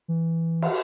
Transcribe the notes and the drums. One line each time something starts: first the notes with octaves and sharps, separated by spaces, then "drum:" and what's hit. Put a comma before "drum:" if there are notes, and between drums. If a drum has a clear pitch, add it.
E3
drum: cymbal